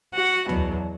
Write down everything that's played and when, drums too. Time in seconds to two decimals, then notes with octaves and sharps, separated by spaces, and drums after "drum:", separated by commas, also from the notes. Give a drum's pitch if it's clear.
0.14 F#4 F#5
0.49 E2 B2 F#3, drum: tom